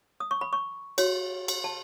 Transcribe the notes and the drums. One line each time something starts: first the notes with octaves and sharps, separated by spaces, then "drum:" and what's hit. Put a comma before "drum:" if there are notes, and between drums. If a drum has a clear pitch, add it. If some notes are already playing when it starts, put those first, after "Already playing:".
D#6
C#6
B5
C#6
F#4 C#5, drum: cymbal
drum: cymbal
A5